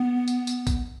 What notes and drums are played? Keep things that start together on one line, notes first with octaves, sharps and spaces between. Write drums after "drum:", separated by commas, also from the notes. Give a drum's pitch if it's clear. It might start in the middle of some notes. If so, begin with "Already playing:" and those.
Already playing: B3
drum: tambourine
drum: tambourine
drum: kick A1, tambourine